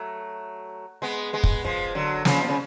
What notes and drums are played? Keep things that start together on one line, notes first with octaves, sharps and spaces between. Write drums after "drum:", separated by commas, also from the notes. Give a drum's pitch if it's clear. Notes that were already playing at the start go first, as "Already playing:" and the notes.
Already playing: F#3 A3
G#3 B3
G#3 B3
drum: kick
F3 G#3
D3 F#3
C#3 F3, drum: snare
B2
C#3